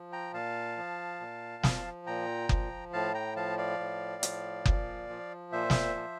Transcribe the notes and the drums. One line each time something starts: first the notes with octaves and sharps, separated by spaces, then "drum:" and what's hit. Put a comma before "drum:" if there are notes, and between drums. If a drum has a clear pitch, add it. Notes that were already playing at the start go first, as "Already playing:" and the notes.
Already playing: F3
G5 A#5
A#2 F5 A5
F3
A#2
F3, drum: snare
A#2 G5 A#5
F3, drum: kick F#1
A2 F5 A5
G5 A#5
F3 F5 A5
D5 F5
A2
F3, drum: hi-hat
A#2, drum: kick F#1
F3
A#2 C5 E5
drum: snare
F3